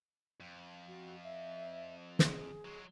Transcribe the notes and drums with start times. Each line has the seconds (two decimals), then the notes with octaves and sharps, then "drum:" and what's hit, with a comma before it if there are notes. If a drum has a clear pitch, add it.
0.40 F2
0.88 F#4
1.24 E5
2.19 G#4, drum: snare
2.65 F#3 G#3